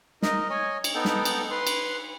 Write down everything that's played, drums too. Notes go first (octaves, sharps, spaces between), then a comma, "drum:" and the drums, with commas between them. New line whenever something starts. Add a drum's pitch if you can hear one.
D#4 A#4 D#5, drum: snare
C#5 D#5 G#5
drum: cymbal
B3 D#4 A4 G5
drum: snare
drum: cymbal
B4 C6
drum: cymbal